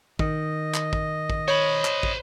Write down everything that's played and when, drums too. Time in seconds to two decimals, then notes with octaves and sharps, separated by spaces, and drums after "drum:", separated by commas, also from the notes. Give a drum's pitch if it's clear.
0.19 D#3 D#5, drum: kick
0.74 drum: clap
0.93 drum: kick
1.30 drum: kick
1.48 C5 C#5 B5
1.85 drum: clap
2.03 drum: kick